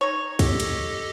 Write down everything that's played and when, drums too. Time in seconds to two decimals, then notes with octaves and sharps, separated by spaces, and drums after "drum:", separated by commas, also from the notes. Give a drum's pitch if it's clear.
0.01 D#4 C#5
0.39 G4 A4 D#5, drum: kick, cymbal
0.60 drum: cymbal